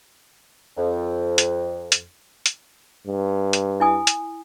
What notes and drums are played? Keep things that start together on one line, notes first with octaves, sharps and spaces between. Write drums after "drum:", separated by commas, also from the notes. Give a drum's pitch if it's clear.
F2
drum: hi-hat
drum: hi-hat
drum: hi-hat
G2
drum: hi-hat
E4 G#5 D#6
drum: hi-hat